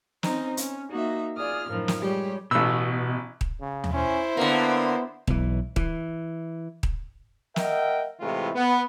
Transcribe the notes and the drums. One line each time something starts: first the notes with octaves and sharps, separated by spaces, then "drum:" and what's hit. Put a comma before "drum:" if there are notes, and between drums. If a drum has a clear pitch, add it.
C4 C#4 D#4 C5, drum: snare
C#4, drum: hi-hat
A#3 D#4 F#4 E5
F4 G#4 D5 D#6 F6
F#2 A2 D#3 F3
drum: snare
G3 G#3 G4 C#5
A1 B2 E6
drum: kick D#1
C#3
drum: tom D#2
C#4 E4 C5
D3 A#3 B3
B1 E3, drum: kick D#1
E3, drum: kick D#1
drum: kick D#1
A#4 D#5 E5 F#5 G5, drum: snare
A2 C3 E3 G#3 A3 F4
B3